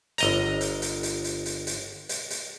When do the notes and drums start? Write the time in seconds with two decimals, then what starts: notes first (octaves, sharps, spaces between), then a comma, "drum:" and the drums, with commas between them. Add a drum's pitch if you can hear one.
0.18 G1 D#5 A#5, drum: hi-hat
0.61 drum: hi-hat
0.82 drum: hi-hat
1.03 drum: hi-hat
1.24 drum: hi-hat
1.46 drum: hi-hat
1.67 drum: hi-hat
2.09 drum: hi-hat
2.30 drum: hi-hat